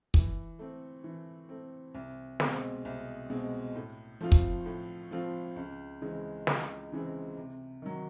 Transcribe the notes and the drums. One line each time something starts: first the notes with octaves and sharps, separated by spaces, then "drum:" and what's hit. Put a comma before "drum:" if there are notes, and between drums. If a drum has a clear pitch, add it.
E3, drum: kick
A3 C4
E3
A3 C4
C2
B2 G#3 C4, drum: snare
C2
B2 G#3 C4
A2
F3 A3 C4 F4
drum: kick
A2
F3 A3 C4 F4
C#2
C#3 E3 G#3 C4
C#2, drum: snare
C#3 E3 G#3 C4
C3
D#3 F#3